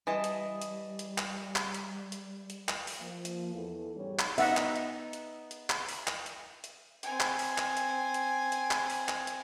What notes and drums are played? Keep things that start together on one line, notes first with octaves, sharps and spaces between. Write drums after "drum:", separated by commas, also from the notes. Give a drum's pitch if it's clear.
E3 G3 D#5 A5 D#6
drum: hi-hat
drum: hi-hat
drum: hi-hat
drum: clap
drum: clap
drum: hi-hat
drum: hi-hat
drum: hi-hat
drum: clap
drum: open hi-hat
F3 A#3
drum: hi-hat
E2 E3 A4
G#2 G3 G#3 C#4 D#4 C#5
drum: clap
B3 D#4 E5 F#5, drum: open hi-hat
drum: clap
drum: hi-hat
drum: hi-hat
drum: hi-hat
drum: clap
drum: open hi-hat
drum: clap
drum: hi-hat
drum: hi-hat
C4 G#5, drum: hi-hat
drum: clap
drum: open hi-hat
drum: clap
drum: hi-hat
drum: hi-hat
drum: hi-hat
drum: clap
drum: open hi-hat
drum: clap
drum: hi-hat